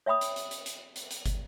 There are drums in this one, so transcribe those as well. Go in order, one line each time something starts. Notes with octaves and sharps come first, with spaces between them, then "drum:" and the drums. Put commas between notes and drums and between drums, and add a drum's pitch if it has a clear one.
C#5 E5 G5 B5 D#6
drum: hi-hat
drum: hi-hat
drum: hi-hat
drum: hi-hat
drum: hi-hat
drum: hi-hat
drum: kick, hi-hat